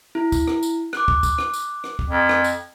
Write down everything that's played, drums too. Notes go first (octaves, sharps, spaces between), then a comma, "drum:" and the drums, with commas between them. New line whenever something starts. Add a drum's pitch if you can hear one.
E4
drum: kick, tambourine
drum: rim click
drum: tambourine
D6 F#6, drum: rim click
drum: kick
drum: kick, tambourine
drum: rim click
drum: tambourine
drum: rim click
drum: kick
F2
drum: rim click
drum: tambourine